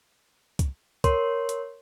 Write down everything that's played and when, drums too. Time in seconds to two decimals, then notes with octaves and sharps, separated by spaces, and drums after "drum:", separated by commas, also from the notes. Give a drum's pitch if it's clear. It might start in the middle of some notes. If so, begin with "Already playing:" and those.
0.59 drum: kick, hi-hat
1.04 A#4 C#5 C6, drum: kick, hi-hat
1.49 drum: hi-hat